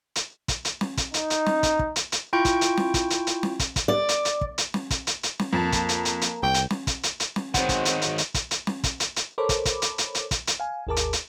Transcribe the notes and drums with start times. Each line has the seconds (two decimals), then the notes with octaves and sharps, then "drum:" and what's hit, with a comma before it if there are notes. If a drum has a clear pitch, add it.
0.16 drum: hi-hat
0.48 drum: kick, hi-hat
0.65 drum: hi-hat
0.81 drum: snare
0.97 drum: kick, hi-hat
1.14 D#4, drum: hi-hat
1.30 drum: hi-hat
1.47 drum: snare
1.63 drum: kick, hi-hat
1.79 drum: kick
1.96 drum: hi-hat
2.12 drum: hi-hat
2.33 E4 F4 G5 C#6 G6
2.45 drum: kick, hi-hat
2.61 drum: hi-hat
2.78 drum: snare
2.94 drum: kick, hi-hat
3.10 drum: hi-hat
3.27 drum: hi-hat
3.43 drum: snare
3.59 drum: kick, hi-hat
3.76 drum: kick, hi-hat
3.88 D5
4.09 drum: hi-hat
4.25 drum: hi-hat
4.41 drum: kick
4.58 drum: hi-hat
4.74 drum: snare
4.90 drum: kick, hi-hat
5.07 drum: hi-hat
5.23 drum: hi-hat
5.40 drum: snare
5.53 F2 A#3 A5
5.72 drum: kick, hi-hat
5.89 drum: hi-hat
6.05 drum: hi-hat
6.22 drum: hi-hat
6.43 C2 G5
6.54 drum: hi-hat
6.71 drum: snare
6.87 drum: kick, hi-hat
7.03 drum: hi-hat
7.20 drum: hi-hat
7.36 drum: snare
7.54 D#3 F#3 G#3 B3 C4 C5 F#5, drum: kick, hi-hat
7.69 drum: kick, hi-hat
7.85 drum: hi-hat
8.02 drum: hi-hat
8.18 drum: hi-hat
8.34 drum: kick, hi-hat
8.51 drum: hi-hat
8.67 drum: snare
8.84 drum: kick, hi-hat
9.00 drum: hi-hat
9.16 drum: hi-hat
9.38 A4 A#4 C5 C#5 B5 D6
9.49 drum: kick, hi-hat
9.65 drum: kick, hi-hat
9.82 drum: hi-hat
9.98 drum: hi-hat
10.15 drum: hi-hat
10.31 drum: kick, hi-hat
10.47 drum: hi-hat
10.60 F5 G#5
10.87 G#1 D#2 G#4 A#4 A5 D6
10.96 drum: hi-hat
11.13 drum: hi-hat